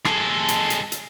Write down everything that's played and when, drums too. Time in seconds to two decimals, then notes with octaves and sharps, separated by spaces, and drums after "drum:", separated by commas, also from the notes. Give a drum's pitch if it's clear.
0.05 G#3 A4, drum: rim click
0.48 drum: hi-hat
0.70 drum: hi-hat
0.92 drum: hi-hat